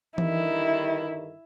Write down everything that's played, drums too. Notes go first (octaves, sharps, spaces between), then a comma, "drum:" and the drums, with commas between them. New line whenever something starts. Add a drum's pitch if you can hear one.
G2 D3 D#3 E4, drum: tom E3